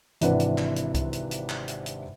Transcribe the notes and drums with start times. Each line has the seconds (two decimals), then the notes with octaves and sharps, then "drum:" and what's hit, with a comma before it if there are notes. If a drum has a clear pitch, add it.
0.21 G#1 C3 E3 D4 B4 F#5, drum: hi-hat
0.40 drum: hi-hat
0.58 drum: clap
0.76 drum: hi-hat
0.94 drum: kick C2, hi-hat
1.13 drum: hi-hat
1.31 drum: hi-hat
1.49 drum: clap
1.68 drum: hi-hat
1.86 drum: hi-hat